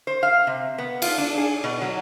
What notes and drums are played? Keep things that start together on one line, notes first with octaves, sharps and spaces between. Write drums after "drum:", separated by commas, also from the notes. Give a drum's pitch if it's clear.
C5
F5
C3
B3
F4, drum: cymbal
D4
G#4
B2
F#3